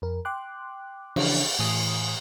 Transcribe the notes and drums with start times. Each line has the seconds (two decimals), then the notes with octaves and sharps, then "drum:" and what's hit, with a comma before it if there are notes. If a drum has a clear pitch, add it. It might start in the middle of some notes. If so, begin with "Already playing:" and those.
0.02 F2 A#4
0.25 G5 C6 D6 F#6
1.16 C#3 E3 F3 D4, drum: cymbal
1.59 A2 E3 G#5 D#6